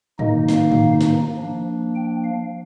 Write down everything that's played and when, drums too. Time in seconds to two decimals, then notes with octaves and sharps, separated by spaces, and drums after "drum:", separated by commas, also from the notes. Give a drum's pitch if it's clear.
0.19 D#3 A#3 D#4 D#5, drum: tom G#2
0.49 F5, drum: snare
0.72 drum: tom G#2
1.01 drum: snare
1.36 F3 A#3 D4
1.95 G5
2.24 F5